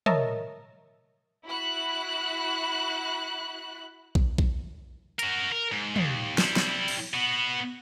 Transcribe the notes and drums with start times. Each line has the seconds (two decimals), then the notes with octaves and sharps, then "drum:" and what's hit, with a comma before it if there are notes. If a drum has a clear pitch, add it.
0.06 A#4 C#5 D#5 E5 A5 A#5, drum: tom
1.46 E4 F#4 B5 F#6
4.15 drum: kick A#1
4.38 drum: kick A#1
5.19 F#4 A#4, drum: hi-hat
5.52 A#4
5.72 G#2
5.96 D#2, drum: tom
6.38 G3 E4, drum: snare
6.56 drum: snare
6.88 drum: cymbal
7.14 B3 F#4